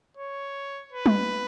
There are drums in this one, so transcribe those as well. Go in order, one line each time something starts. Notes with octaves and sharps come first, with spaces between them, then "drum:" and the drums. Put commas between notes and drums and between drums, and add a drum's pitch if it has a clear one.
C#5
B4
drum: tom G3